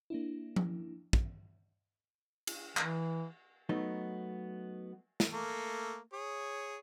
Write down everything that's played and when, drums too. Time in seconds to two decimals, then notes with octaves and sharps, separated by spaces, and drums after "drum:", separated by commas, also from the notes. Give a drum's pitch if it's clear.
0.10 A#3 D4 E4
0.56 drum: tom F3
1.13 drum: kick
2.47 drum: cymbal
2.77 E3, drum: clap
3.69 F#3 A3 B3 D#4
5.20 drum: snare
5.31 A3 A#3
6.13 G#4 C#5